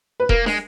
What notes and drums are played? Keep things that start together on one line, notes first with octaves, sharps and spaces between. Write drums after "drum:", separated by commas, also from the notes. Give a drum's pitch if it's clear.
B4
A#3 A#4, drum: kick E1
G#3, drum: snare